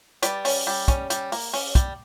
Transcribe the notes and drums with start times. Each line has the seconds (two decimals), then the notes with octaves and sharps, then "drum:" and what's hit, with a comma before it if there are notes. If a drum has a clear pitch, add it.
0.22 G3 B4 D5, drum: hi-hat
0.45 C#4, drum: open hi-hat
0.67 G3
0.88 C#4, drum: kick, hi-hat
1.10 G3, drum: hi-hat
1.32 A#3, drum: open hi-hat
1.53 C#4, drum: open hi-hat
1.75 G3, drum: kick, hi-hat